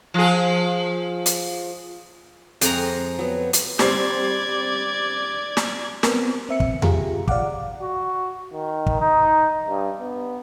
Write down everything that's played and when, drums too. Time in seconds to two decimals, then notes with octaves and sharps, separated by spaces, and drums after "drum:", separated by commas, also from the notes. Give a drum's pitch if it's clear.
0.14 F3 G#4
1.26 drum: hi-hat
2.61 F2 G#3 A#5, drum: hi-hat
3.19 F#3 B3
3.53 drum: hi-hat
3.79 G3 C4 D5 G#6 C7, drum: snare
5.57 drum: snare
6.03 B3 C4 A#4, drum: snare
6.49 C4 E5 C#7
6.60 drum: kick
6.82 F4 G4 G#4 A#5, drum: tom E2
7.28 D5 F5 F#5 D6, drum: kick
7.82 F#4
8.53 D#3
8.86 drum: kick
9.01 D#4
9.67 G2
10.01 B3